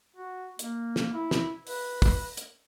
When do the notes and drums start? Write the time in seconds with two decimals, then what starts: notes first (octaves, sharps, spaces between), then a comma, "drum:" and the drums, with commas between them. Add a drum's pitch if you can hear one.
0.16 F#4
0.59 A#3, drum: hi-hat
0.96 drum: snare
1.13 E4
1.31 drum: snare
1.67 B4, drum: open hi-hat
2.02 drum: kick, open hi-hat
2.37 drum: hi-hat